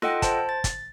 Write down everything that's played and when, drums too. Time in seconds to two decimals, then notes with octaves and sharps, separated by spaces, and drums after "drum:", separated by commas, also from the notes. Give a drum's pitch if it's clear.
0.02 F4 A4 D#5 F#5 G5, drum: snare
0.22 C5 A5, drum: kick, hi-hat
0.49 A6
0.64 drum: kick, hi-hat